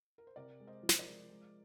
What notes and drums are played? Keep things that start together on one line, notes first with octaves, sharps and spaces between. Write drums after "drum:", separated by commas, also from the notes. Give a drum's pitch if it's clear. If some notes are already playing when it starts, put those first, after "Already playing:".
A#4
C5
C3 A#4 D5
G#3
C5 D#5
F3
C5, drum: snare
A#4 D5
G#3
G#3